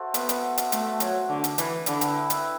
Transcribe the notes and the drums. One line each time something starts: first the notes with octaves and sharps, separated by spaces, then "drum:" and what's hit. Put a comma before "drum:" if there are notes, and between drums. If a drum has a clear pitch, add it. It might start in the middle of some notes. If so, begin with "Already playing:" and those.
Already playing: F#4 A4 C5 E5
B3, drum: hi-hat
drum: hi-hat
drum: hi-hat
A3, drum: hi-hat
F#3, drum: hi-hat
D3
drum: hi-hat
E3, drum: hi-hat
D3 E4 B4 E5 G5, drum: hi-hat
drum: hi-hat
drum: hi-hat